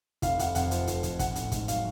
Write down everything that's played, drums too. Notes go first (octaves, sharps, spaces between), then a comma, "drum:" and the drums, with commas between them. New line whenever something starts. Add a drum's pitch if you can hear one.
F1 F5, drum: kick, hi-hat
F1 F#5, drum: hi-hat
F2 F#5, drum: hi-hat
F3, drum: hi-hat
F1, drum: hi-hat
F1, drum: hi-hat
A1 F#5, drum: kick, hi-hat
A1, drum: hi-hat
G#2, drum: kick, hi-hat
F#3 F5, drum: hi-hat